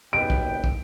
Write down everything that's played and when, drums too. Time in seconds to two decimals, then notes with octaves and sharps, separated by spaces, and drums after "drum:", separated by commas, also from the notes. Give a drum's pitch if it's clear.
0.13 F#1 B3 D#4 G4 G5 D7
0.30 drum: kick
0.64 drum: kick